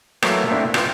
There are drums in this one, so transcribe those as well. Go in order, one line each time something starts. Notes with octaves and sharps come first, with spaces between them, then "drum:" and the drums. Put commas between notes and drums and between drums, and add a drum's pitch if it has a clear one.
E3 F#3 A3 A#3 E4, drum: rim click
A3 A#3 C4 D4 E4
F4 B4 G5, drum: rim click